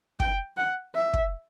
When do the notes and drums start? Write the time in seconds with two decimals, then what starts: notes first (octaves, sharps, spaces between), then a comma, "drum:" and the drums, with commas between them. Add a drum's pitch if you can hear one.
0.20 G5, drum: kick
0.57 F#5
0.94 E5
1.13 drum: kick